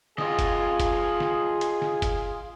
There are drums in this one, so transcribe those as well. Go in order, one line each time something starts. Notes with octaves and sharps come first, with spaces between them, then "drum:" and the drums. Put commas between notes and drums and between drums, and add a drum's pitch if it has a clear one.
F4 G#4 D#5, drum: snare
drum: kick F#1, hi-hat
drum: kick F#1, hi-hat
drum: snare
drum: hi-hat
drum: snare
drum: kick F#1, hi-hat